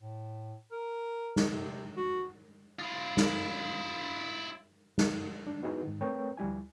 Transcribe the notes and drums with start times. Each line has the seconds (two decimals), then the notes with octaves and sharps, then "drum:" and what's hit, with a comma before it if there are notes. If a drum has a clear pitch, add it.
0.01 A2
0.72 A#4
1.36 drum: snare
1.51 C3
1.97 F#4
2.79 E4 F4
3.17 drum: snare
4.98 drum: snare
5.47 D4
5.63 B3 D#4 E4 F#4 G#4 B4
5.83 G#2 D#3
6.01 A3 C4 A#4 B4 C#5 G5
6.37 D2 F3 G3 E4 G#5